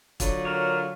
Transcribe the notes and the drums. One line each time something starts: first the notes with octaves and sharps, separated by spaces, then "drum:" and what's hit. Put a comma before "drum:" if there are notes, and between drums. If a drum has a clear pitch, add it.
D3 F#3 F4, drum: kick, hi-hat
F#4 A#4 C#5